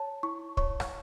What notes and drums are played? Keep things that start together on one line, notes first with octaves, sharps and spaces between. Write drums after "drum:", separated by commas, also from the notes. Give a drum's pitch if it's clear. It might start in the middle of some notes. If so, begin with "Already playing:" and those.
Already playing: C#5 A5
E4 C#6
C#5 C#6, drum: kick
drum: rim click